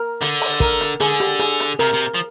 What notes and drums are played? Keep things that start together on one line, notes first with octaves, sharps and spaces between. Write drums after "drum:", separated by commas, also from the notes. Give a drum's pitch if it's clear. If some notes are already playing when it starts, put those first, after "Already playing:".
Already playing: A#4
D3, drum: hi-hat
drum: open hi-hat
A#4, drum: kick
drum: hi-hat
D3 G#4, drum: hi-hat
G4, drum: hi-hat
G#4, drum: hi-hat
drum: hi-hat
C3 A#4, drum: hi-hat
C3
F3